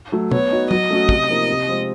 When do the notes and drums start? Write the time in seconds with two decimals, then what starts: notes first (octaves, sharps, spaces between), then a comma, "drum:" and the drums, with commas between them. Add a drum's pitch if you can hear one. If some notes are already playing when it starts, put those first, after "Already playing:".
0.12 F#3 A3
0.31 B3 C#5, drum: tom
0.51 D#4 F#4
0.71 F#3 D#5, drum: tom
0.90 A3 C#4 F#4
1.09 C3, drum: kick
1.29 F3 A#3 D#4
1.49 C3
1.68 F3 G#3 C4 F4